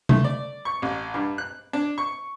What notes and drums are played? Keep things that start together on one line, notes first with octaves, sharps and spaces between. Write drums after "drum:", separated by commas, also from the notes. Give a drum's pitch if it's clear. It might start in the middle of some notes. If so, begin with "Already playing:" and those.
A3, drum: tom C3
D5
C#6
A1
G2
F#6
D4
C#6